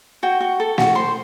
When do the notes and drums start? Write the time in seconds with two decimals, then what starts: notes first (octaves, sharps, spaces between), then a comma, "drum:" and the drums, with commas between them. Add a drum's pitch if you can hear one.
0.23 F#4 G5
0.41 F#4
0.60 A4
0.78 F#4, drum: snare
0.95 C5 C6